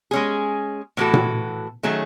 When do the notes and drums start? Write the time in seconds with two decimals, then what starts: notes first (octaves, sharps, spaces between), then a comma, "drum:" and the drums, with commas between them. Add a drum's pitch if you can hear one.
0.11 G#3 C#4 G#4
0.97 A2 E3 B3 F#4 A4
1.14 drum: tom A#2
1.83 D#3 F#3 A3 C#4 G#4